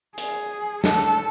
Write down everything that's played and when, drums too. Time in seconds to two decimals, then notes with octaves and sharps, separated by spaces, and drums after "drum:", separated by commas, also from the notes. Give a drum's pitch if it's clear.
0.18 G#4, drum: hi-hat
0.84 A4, drum: snare